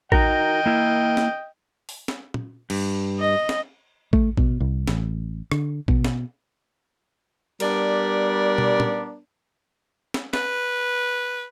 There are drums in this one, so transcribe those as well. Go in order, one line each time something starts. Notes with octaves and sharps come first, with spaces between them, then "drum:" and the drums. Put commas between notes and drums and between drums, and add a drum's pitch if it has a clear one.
D#4 F#4 A#4 D#5 G5, drum: kick A1
A#3 E4
drum: snare
drum: open hi-hat
drum: snare
drum: tom
G2, drum: cymbal
D#5
drum: snare
A3, drum: kick A1
B2, drum: kick A1
C2
A1, drum: snare
D3, drum: rim click
B2, drum: kick A1
drum: snare
G3 B3 D4 A#4 D5, drum: cymbal
drum: tom
drum: tom
drum: snare
B4, drum: snare